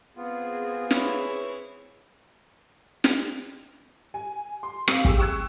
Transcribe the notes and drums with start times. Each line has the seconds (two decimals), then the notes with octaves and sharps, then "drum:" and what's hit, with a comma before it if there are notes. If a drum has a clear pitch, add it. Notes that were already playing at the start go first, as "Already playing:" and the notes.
0.16 B3 C4 F4 G#4
0.91 E4 B4 C#5, drum: snare
3.04 drum: snare
4.14 G#5
4.63 C6
4.88 C4 F5, drum: rim click
5.05 G4 G#4 C#6 E6, drum: kick
5.18 G5 C#6 E6 F#6 G#6